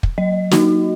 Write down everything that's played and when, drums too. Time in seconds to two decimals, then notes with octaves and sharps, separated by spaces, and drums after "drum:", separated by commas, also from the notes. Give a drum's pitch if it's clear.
0.03 drum: kick
0.18 F#3 D#5
0.51 A#3 D#4 F#4, drum: snare